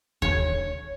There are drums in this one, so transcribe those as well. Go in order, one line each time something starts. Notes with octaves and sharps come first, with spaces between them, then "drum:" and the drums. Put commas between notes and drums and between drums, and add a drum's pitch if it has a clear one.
C#5, drum: kick D#2